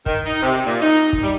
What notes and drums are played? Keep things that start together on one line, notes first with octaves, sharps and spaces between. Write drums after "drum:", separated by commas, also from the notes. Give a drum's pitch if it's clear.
D#3, drum: kick
D#4
C3
A#2
D#4
drum: kick
G3